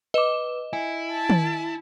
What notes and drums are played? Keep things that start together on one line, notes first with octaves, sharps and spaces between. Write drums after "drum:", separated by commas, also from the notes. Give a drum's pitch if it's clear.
B4 D#5 D6 E7
E4 G#5
A5
drum: tom D#3